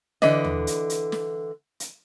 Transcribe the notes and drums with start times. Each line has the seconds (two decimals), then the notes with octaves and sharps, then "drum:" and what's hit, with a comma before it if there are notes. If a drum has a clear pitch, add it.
0.22 D3 E3 B4 D5 D#5, drum: snare
0.44 drum: tom D#2
0.67 drum: hi-hat
0.90 drum: hi-hat
1.12 drum: snare
1.80 drum: hi-hat